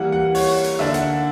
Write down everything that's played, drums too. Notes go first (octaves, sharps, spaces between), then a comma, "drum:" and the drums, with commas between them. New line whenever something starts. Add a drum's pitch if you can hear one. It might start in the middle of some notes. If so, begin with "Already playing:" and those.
Already playing: E3 G3 A#3 F#5
F#5
C#5, drum: open hi-hat
drum: hi-hat
D3 A#3 D4 E5
F#5, drum: hi-hat